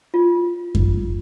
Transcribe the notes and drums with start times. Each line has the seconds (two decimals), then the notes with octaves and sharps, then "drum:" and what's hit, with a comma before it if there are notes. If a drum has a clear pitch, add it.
0.14 F4
0.75 drum: kick F#2